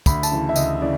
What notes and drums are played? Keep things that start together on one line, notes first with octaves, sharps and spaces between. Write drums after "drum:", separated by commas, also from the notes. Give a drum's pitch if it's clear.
D2 B5, drum: kick, tambourine
A5, drum: tambourine
C#3 E3
E5
D2 D#5, drum: tambourine
C#3 E3 D5